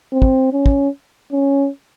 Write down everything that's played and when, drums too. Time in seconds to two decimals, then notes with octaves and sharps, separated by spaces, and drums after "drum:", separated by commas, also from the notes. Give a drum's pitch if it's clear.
0.13 C4
0.22 drum: kick
0.53 C#4
0.66 drum: kick
1.32 C#4